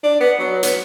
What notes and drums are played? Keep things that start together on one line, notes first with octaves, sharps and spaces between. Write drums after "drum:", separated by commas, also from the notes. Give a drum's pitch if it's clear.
D4
B3
F#3
B3, drum: hi-hat